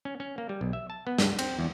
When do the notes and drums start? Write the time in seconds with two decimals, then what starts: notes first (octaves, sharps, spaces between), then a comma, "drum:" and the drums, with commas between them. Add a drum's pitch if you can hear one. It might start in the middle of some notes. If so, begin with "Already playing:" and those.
0.05 C#4
0.20 C#4
0.38 A#3
0.49 G3
0.61 B1
0.73 E5
0.90 A5
1.07 B3
1.18 G2, drum: snare
1.39 C4, drum: cymbal
1.59 E2